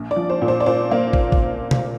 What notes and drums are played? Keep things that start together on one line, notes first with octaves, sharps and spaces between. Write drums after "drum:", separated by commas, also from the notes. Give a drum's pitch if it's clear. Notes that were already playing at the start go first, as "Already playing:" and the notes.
Already playing: A#1
D5
F3
C5
A#2
C5
D5
A#2 C5
A#3
drum: kick
drum: kick
drum: tom B2